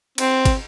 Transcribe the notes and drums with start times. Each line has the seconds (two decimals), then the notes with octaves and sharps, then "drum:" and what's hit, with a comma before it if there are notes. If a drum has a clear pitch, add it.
0.18 C4, drum: cymbal
0.45 drum: kick, cymbal